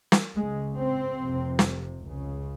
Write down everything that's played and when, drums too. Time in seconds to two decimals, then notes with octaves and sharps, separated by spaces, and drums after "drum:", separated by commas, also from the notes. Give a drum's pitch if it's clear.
0.12 drum: snare
0.35 C#2 C#3 G#3
0.77 C4
1.18 F1 F2 C3
1.59 drum: snare
2.01 C#2 C#3